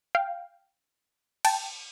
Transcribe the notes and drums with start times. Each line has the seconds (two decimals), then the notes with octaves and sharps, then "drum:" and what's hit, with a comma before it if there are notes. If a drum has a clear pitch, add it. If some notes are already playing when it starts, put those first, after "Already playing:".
0.15 F5 G5
1.45 G5 A5, drum: cymbal